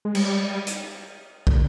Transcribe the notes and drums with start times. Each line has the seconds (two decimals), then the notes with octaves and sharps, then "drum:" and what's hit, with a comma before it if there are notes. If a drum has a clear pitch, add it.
0.05 G#3
0.15 G3, drum: cymbal
0.67 drum: hi-hat
1.47 drum: kick